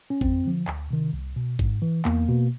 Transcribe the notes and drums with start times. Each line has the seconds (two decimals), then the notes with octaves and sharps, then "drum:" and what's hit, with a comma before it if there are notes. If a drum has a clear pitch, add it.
0.10 C#4
0.21 F2 C4, drum: kick G#1
0.45 D3 F3
0.68 D2, drum: clap
0.91 C3 D#3
1.13 C2
1.36 B2
1.59 G#2, drum: kick G#1
1.82 E3
2.05 E2 A#3, drum: clap
2.28 B2